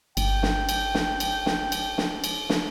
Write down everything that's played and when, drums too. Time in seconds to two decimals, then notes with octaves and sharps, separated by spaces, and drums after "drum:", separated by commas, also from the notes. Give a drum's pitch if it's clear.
0.17 G1 G5, drum: cymbal
0.43 drum: snare
0.69 drum: cymbal
0.94 drum: snare
1.20 drum: cymbal
1.46 drum: snare
1.72 drum: cymbal
1.98 drum: snare
2.24 drum: cymbal
2.49 drum: snare